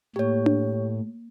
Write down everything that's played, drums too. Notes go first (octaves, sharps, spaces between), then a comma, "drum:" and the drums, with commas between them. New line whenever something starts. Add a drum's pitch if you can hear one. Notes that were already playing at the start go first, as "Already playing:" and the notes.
A2 A#3 G4 C#5
drum: tom D4